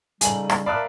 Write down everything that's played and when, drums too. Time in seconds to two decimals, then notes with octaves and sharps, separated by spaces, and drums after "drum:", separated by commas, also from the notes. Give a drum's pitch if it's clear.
0.21 C#3 G3 D#4 A4 G#5 F#7, drum: hi-hat
0.50 drum: rim click
0.66 A#4 D5 E5 F5 A5 B5 D#6 F#6